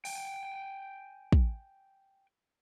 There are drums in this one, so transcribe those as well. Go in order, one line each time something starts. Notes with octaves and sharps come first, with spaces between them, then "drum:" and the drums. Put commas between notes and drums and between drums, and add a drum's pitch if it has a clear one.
G5 G#5, drum: open hi-hat
drum: kick